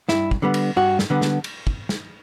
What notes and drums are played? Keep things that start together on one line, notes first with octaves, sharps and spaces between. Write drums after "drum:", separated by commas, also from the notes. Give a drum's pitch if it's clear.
G2 E4, drum: snare
drum: kick
D3 G3 B3
drum: cymbal
G2 F#4
drum: snare
D3 G3 B3
drum: snare
drum: cymbal
drum: kick
drum: snare